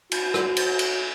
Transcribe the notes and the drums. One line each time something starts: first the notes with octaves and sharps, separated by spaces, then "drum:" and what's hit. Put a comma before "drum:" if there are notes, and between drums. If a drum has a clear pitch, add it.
F#4, drum: cymbal
drum: rim click
drum: cymbal
drum: cymbal